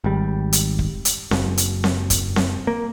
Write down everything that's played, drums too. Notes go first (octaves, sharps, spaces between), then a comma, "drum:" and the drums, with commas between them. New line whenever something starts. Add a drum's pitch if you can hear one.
G#1 G3
drum: hi-hat
drum: kick
drum: hi-hat
F#1, drum: snare C4
drum: hi-hat
drum: snare C4
drum: kick, hi-hat
drum: snare C4
A#3